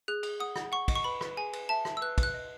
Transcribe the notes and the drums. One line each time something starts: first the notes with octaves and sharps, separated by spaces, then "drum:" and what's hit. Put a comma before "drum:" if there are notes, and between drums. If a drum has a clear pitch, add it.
G#4 F#6
G#4, drum: cymbal
F#5 D#6
F#5, drum: rim click
F#5 C#6
D#5, drum: kick, cymbal
C#6
B4 B5
B4, drum: rim click
G#4 G#5
B4, drum: cymbal
E5 A5
E5, drum: rim click
E6
B4 F#6
B4, drum: kick, cymbal
F#6
D#5